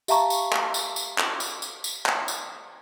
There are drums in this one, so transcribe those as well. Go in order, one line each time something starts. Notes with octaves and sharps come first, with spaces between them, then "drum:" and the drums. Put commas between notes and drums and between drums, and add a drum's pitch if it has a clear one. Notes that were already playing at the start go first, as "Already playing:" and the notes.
G4 E5 F5 A5 A#5 C#6, drum: tambourine
drum: tambourine
drum: clap
drum: tambourine
drum: tambourine
drum: clap
drum: tambourine
drum: tambourine
drum: tambourine
drum: clap
drum: tambourine